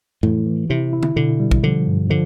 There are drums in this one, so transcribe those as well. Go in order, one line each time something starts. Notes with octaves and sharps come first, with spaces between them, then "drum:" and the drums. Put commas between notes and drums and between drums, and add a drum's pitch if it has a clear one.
A2 E3, drum: tom F2
E3
C3 E4
E4
drum: tom D3
B2 D3
G3
drum: kick
D3 F3
G2
D3 F3